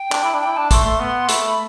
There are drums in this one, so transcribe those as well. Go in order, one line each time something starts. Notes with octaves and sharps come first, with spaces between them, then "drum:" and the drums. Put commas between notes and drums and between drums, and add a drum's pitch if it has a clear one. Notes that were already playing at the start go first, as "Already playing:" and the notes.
Already playing: G5
D4, drum: clap
E4
D4
E4 G5
D4 A5
A3 C6, drum: kick, hi-hat
A3
B3
A3 B5, drum: hi-hat